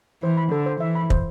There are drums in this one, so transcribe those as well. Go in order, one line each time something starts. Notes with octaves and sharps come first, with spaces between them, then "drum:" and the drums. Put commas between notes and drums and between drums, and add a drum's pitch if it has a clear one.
E3 C5
B5
D3 A4
C5
E3 E5
B5
C5, drum: kick